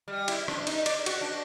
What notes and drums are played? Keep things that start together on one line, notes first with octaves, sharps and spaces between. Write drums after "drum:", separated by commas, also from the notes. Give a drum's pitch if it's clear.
G3
E4, drum: cymbal
D4, drum: rim click
D#4, drum: cymbal
D5, drum: cymbal
F#4, drum: cymbal
D4